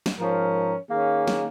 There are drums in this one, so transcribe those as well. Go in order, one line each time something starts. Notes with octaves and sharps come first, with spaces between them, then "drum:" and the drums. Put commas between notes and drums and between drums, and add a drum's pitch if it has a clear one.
drum: snare
G#2 F3 C#4 A#4
D#3 A#3 C#4 G#4 F5
drum: snare